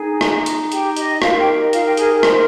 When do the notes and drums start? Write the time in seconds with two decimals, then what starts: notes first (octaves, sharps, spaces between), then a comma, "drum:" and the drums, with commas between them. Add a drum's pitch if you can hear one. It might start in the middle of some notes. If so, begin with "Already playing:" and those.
Already playing: D#4 G#4 G#5
0.21 drum: rim click
0.46 drum: hi-hat
0.72 G4 G5, drum: hi-hat
0.97 D#5, drum: hi-hat
1.22 D#4 F4 A#4 F5, drum: rim click
1.39 G4 G5
1.56 D#5
1.73 F4 F5, drum: hi-hat
1.85 G4 G5
1.97 G#4 G#5, drum: hi-hat
2.23 C5 C6, drum: rim click